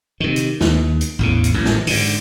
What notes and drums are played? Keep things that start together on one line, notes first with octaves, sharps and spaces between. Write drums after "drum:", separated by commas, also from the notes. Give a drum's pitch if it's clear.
C3 D#3
drum: hi-hat
D#2, drum: snare
drum: hi-hat
A1 E2 C#3
drum: hi-hat
A1 F#2
drum: snare
G#2 D3, drum: open hi-hat